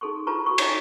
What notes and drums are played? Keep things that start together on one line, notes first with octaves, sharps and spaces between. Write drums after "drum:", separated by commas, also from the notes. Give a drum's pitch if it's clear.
D#4 G#4 A4 C6 C#6
E4 F4 B4 A5 A#5 C#6
F#4 A4 C#6
D#4 C#5 D5 G#5 C#6, drum: cymbal